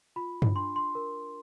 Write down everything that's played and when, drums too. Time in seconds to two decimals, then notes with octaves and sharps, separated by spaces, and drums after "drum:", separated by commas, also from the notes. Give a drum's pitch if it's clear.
0.16 F4 B5
0.42 drum: tom G2
0.56 D4 C6
0.76 C6
0.95 A#4